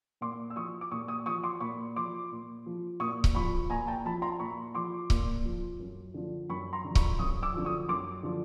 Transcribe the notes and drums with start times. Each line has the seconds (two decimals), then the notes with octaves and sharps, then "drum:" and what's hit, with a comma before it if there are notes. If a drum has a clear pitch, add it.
0.21 A#2 C6 D6
0.50 E6
0.56 F3 C#6 D#6
0.81 D6
0.91 A#2 C#6 D#6
1.08 C#6 D#6
1.26 F3 C#6 D#6
1.44 C6 D6
1.60 A#2 B5 C#6
1.96 F3 C6 D6
2.31 A#2
2.66 F3
3.00 A#2 C#6 D#6
3.24 drum: kick C#1
3.35 F3 B5 C#6
3.70 A#2 G#5 A#5
3.87 G5 A5
4.05 F3 A5 B5
4.22 A#5 C6
4.40 A#2 B5 C#6
4.75 F3 C6 D6
5.10 A#2, drum: kick C#1
5.45 F3
5.79 F#2
6.14 D3 F3
6.49 F#2 B5 C#6
6.73 A#5 C6
6.84 D3 F3
6.95 B5 C#6, drum: kick C#1
7.19 F#2 C#6 D#6
7.43 D6 E6
7.54 D3 F3
7.65 C#6 D#6
7.89 F#2 C6 D6
8.23 D3 F3